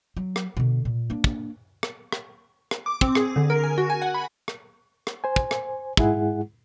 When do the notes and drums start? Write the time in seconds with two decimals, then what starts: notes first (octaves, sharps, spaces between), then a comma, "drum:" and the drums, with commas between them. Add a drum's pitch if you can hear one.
0.17 F#3
0.36 drum: rim click
0.57 B2 D3
0.85 A#2
1.10 A#3 D4
1.24 drum: kick
1.83 drum: rim click
2.12 drum: rim click
2.71 drum: rim click
2.86 D6
3.01 C4, drum: kick
3.15 G#4, drum: rim click
3.36 D3
3.50 A#4
3.64 G#5
3.78 F#4
3.90 G#5
4.02 F#5
4.14 B5
4.48 drum: rim click
5.07 drum: rim click
5.24 C5 G#5
5.36 drum: kick
5.51 drum: rim click
5.97 G#2 G#3 E4 G#4 F#5, drum: kick